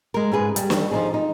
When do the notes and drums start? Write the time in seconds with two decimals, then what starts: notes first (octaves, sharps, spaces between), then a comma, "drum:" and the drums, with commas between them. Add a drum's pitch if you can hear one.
0.14 G#3 A#4
0.32 G#2 C#4 G#4 B4
0.56 G3, drum: hi-hat
0.70 drum: snare
0.91 F3 D#4 G#4
1.14 D#4